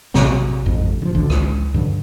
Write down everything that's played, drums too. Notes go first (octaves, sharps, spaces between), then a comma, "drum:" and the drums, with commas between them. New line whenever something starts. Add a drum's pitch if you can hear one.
A#1 C3 F#3, drum: snare
A1 F2 G#2
C#3 F3
A1 D2 D3
C#2, drum: rim click
G2 D3 F#3